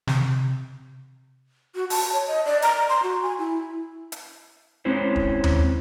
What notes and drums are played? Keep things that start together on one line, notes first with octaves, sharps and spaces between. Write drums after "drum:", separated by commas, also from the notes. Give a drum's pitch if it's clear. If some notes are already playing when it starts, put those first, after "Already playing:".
C3, drum: snare
F#4
A5, drum: open hi-hat
C#5
D#5
D5
A#5, drum: hi-hat
C6
F#4
G#5
E4
drum: hi-hat
G#3 C4 C#4 E4 C5
drum: kick
drum: tom D#2